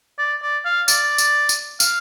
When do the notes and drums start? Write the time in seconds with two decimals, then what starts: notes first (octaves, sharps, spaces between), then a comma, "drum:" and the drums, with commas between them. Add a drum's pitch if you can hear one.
0.19 D5
0.42 D5
0.65 F5
0.88 D5, drum: tambourine
1.18 drum: tambourine
1.49 drum: tambourine
1.80 F5, drum: tambourine